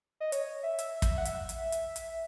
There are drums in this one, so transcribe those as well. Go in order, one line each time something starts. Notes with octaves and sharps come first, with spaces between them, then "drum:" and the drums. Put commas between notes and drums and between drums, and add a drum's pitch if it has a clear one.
D#5
C#5, drum: hi-hat
E5
E5, drum: hi-hat
drum: kick, hi-hat
F#5
E5, drum: hi-hat
drum: hi-hat
drum: hi-hat
drum: hi-hat